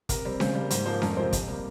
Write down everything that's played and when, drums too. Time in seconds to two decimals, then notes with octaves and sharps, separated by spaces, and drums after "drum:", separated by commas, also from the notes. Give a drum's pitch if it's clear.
0.09 C3 A#4, drum: kick, hi-hat
0.25 G3 C4
0.40 C#3 C5, drum: snare C#4
0.55 G3 A#3
0.70 G#2 C5, drum: hi-hat
0.86 F3 A#3 C5
1.02 F2 A#4, drum: snare C#4
1.17 C3 F3 G#3 C4 C5
1.33 C3, drum: kick, hi-hat
1.48 G3 A#3